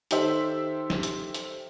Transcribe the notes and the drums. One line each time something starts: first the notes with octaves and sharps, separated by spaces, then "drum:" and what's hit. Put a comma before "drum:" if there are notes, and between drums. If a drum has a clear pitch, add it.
D#3 G4 A4 C5 E5 F#7, drum: hi-hat
drum: snare
drum: hi-hat
drum: hi-hat